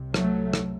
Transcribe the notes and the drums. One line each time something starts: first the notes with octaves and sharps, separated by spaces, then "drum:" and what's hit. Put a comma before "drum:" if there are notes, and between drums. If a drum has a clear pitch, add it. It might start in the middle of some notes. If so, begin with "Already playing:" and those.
Already playing: C2 C3
F#3 A3, drum: rim click
drum: rim click